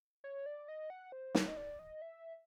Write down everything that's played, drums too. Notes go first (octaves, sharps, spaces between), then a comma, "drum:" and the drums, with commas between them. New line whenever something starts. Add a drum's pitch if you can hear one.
C#5
D5
D#5
F#5
C5
C#5, drum: snare
D#5
D5
D#5
E5